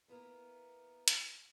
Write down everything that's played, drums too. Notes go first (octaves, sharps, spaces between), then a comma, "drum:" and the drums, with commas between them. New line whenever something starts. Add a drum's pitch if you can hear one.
A#3 B3 E4 A#4
drum: hi-hat